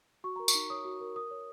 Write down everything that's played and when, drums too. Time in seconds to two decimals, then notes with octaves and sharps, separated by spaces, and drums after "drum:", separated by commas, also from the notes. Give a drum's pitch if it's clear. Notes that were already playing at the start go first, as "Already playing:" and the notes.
0.24 F#4 C#6
0.36 A#4 A#5
0.48 C#6, drum: tambourine
0.55 D#4
0.70 C#5 D#6
0.85 F#4
1.01 A#4
1.15 A#4 D#6
1.31 C#5